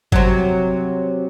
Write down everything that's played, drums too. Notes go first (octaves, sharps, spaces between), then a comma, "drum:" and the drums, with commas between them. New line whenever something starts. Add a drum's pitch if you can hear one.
C3 F#3, drum: kick G1